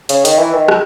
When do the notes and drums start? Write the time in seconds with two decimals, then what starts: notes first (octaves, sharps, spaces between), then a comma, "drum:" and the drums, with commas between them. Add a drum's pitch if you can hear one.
0.09 C#3, drum: hi-hat
0.25 D#3, drum: hi-hat
0.38 E3
0.54 D#3
0.68 drum: rim click